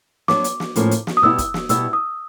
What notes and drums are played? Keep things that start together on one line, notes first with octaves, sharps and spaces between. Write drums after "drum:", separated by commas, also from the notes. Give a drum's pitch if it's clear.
F#3 B3 D4 D6, drum: snare
drum: hi-hat
drum: snare
A2 F3 A#3 C#4, drum: hi-hat
drum: hi-hat
drum: snare
D#6
B2 G3 B3 E4 E6
drum: kick, hi-hat
drum: snare
B2 G3 B3 E4 E6, drum: hi-hat
D#6